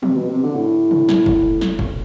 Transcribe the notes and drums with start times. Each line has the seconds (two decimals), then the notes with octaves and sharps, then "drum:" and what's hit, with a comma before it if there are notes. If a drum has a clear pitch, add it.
0.03 C3, drum: tom
0.16 B2
0.30 C3
0.43 D3
0.55 A2
0.91 drum: tom
1.09 drum: snare F#3
1.26 drum: kick
1.61 drum: snare F#3
1.79 drum: kick